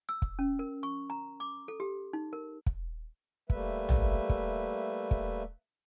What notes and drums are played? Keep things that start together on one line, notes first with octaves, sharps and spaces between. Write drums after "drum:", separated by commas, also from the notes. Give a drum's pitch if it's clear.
E6
drum: kick
C#4
A#4
C#6
A#5
D6
A4
G4
D#4
A#4
drum: kick
G3 A3 A#3 B4 E5, drum: kick
drum: tom
drum: kick
drum: kick